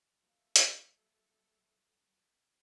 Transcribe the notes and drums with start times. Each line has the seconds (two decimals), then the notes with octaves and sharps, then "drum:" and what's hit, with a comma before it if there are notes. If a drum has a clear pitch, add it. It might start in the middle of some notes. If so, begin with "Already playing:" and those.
0.22 F#3 A#3 A4 D#5 E5
0.56 drum: hi-hat